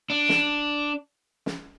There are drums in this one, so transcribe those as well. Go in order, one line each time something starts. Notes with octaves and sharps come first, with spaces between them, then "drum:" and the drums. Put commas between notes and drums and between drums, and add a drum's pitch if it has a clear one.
D4
drum: snare
drum: snare